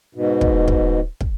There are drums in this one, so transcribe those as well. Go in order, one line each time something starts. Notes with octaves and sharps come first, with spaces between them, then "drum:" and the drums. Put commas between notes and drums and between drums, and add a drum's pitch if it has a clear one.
G#2 B2
drum: kick
drum: kick
drum: kick